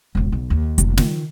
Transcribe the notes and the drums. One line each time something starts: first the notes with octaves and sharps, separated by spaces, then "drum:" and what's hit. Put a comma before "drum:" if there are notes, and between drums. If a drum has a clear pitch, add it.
E1 A1
B1
D#2
F1 B1, drum: hi-hat
D#3 F4, drum: snare